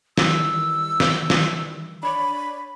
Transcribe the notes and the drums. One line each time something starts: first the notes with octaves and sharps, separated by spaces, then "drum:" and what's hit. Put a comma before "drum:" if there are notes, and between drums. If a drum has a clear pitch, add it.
D#3 E3 G3 E6, drum: snare
drum: snare
drum: snare
D4 C#5 D5 B5